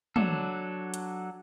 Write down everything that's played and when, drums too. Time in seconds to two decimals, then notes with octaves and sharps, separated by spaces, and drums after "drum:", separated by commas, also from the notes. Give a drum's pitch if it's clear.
0.16 F#3 D4 A4, drum: tom
0.94 drum: hi-hat